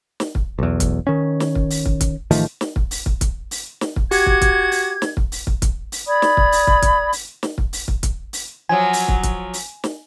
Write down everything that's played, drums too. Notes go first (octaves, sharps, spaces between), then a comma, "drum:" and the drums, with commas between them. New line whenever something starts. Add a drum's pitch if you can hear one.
drum: snare
drum: kick
B1 E2
drum: kick, hi-hat
D#3 C#4
drum: snare
drum: kick
drum: open hi-hat
drum: kick
drum: kick, hi-hat
A1 D#3 F3 A3, drum: open hi-hat
drum: snare
drum: kick
drum: open hi-hat
drum: kick
drum: kick, hi-hat
drum: open hi-hat
drum: snare
drum: kick
F#4 G4 G#6, drum: open hi-hat
drum: kick
drum: kick, hi-hat
drum: open hi-hat
drum: snare
drum: kick
drum: open hi-hat
drum: kick
drum: kick, hi-hat
drum: open hi-hat
D5 B5 D#6 G#6
drum: snare
drum: kick
drum: open hi-hat
drum: kick
drum: kick, hi-hat
drum: open hi-hat
drum: snare
drum: kick
drum: open hi-hat
drum: kick
drum: kick, hi-hat
drum: open hi-hat
F3 F#3 G#5
drum: open hi-hat
drum: kick
drum: kick, hi-hat
drum: open hi-hat
drum: snare